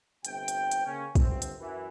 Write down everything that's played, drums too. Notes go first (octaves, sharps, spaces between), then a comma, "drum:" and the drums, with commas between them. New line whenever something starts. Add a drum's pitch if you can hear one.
G1 C3 G5, drum: hi-hat
drum: hi-hat
drum: hi-hat
C#3 A#3 C#4
G1 C3 C4, drum: kick, hi-hat
drum: hi-hat
F#2 E3